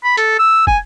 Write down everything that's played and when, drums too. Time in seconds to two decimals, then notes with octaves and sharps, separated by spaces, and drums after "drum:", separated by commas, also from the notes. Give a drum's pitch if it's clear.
0.04 B5
0.17 A4, drum: hi-hat
0.39 E6
0.67 G#5, drum: kick